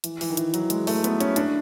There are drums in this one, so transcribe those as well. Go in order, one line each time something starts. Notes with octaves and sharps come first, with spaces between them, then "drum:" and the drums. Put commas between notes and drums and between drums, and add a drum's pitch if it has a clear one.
E3, drum: hi-hat
E3, drum: open hi-hat
D#3
E3, drum: hi-hat
F#3, drum: hi-hat
G#3, drum: hi-hat
A3, drum: open hi-hat
B3, drum: hi-hat
C#4, drum: hi-hat
D4, drum: hi-hat